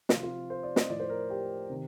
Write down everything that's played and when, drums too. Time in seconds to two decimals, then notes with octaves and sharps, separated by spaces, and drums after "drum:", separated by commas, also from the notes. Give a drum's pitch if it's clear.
0.09 C3 F3 F4, drum: snare
0.23 F4
0.50 C5
0.63 D5
0.76 D#5, drum: snare
0.90 A2 F3 D5
1.00 C5
1.09 A#4
1.30 G4
1.70 C3 D#3